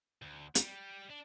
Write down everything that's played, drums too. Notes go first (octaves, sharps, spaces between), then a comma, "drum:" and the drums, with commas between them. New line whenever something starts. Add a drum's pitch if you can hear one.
D2
G3, drum: hi-hat
D4